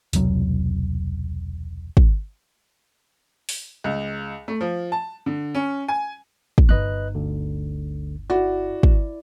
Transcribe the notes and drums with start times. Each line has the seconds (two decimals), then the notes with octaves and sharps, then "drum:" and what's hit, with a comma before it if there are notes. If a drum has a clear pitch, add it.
0.13 E1 C2 F#3, drum: hi-hat
1.97 drum: kick
3.49 drum: open hi-hat
3.84 C#2
4.48 A3
4.61 F3
4.92 A5
5.26 D3
5.55 C#4
5.88 G#5
6.58 drum: kick
6.69 G1 D#4 B4 D#5 F#6
7.15 D2 D3
8.30 E4 F#4 D5
8.83 drum: kick